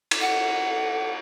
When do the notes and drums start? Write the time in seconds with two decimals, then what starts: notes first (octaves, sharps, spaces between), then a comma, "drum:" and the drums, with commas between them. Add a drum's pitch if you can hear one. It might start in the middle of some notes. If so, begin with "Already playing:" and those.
0.11 drum: cymbal
0.20 F#5